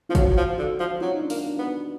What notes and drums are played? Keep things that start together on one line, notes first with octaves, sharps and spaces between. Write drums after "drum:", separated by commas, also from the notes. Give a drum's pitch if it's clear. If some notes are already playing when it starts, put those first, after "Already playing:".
F3 F4
F#3 F#4, drum: kick, hi-hat
F#3
F3
D3 F#4
F3
F#3 F4
D#4
D4
A#3 D#4, drum: open hi-hat
B3